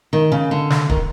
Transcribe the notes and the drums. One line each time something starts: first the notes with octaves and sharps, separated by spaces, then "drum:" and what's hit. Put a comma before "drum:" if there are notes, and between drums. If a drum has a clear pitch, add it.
D#3
C#3
D3
drum: snare
D#3, drum: kick